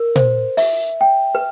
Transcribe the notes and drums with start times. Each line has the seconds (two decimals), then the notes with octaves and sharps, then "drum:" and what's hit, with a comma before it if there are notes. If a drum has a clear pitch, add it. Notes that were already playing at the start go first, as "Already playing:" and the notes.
Already playing: A#4
0.16 C5, drum: tom A#2
0.57 E5, drum: open hi-hat
1.01 G5
1.35 B4